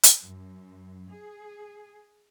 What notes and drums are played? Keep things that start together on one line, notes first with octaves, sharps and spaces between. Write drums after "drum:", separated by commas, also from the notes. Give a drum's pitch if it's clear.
drum: hi-hat
F#2
G#4